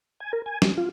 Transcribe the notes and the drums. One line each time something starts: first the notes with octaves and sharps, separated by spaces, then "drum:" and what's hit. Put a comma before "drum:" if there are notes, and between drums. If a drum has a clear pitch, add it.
G#5
A#4
G#5
G3, drum: snare
F4